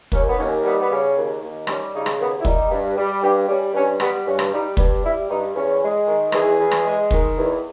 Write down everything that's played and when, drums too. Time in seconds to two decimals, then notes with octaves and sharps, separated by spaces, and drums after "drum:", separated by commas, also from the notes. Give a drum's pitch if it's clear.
0.12 D#2 C#4, drum: kick
0.28 B3
0.38 D#2 C#4
0.63 G3 B3
0.79 B3
0.89 C#3 C#4
1.15 D#2
1.41 D#2
1.67 G3 C#4, drum: rim click
1.93 C#3 D#4
2.06 drum: rim click
2.18 D#2 B3
2.39 E4
2.45 G3 D#4, drum: kick
2.71 G2
2.96 G3
3.22 G2 G4
3.48 G3 C#4
3.74 G2 C#4
4.00 G3 B3, drum: rim click
4.26 G2 C#4
4.39 drum: rim click
4.52 G3 D#4
4.77 G2, drum: kick
5.03 G3 E4
5.29 G2 D#4
5.54 E2 C#4
5.81 G#3
6.07 D#3
6.32 E2 G#4, drum: rim click
6.59 E2
6.71 drum: rim click
6.84 G#3
7.11 D#3, drum: kick
7.36 E2